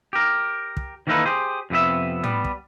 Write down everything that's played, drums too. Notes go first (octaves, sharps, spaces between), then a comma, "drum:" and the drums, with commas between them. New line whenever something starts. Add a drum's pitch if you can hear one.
G4 A#4
drum: kick
D#3 E3 A#3 D#4 A4 B4
G4 G#4 C5
F2 C3 B3 E5
G3 B3, drum: tom
drum: kick